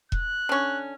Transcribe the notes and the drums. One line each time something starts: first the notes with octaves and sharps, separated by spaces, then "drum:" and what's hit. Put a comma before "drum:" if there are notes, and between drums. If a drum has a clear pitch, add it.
F#6, drum: kick E1
D3 C#4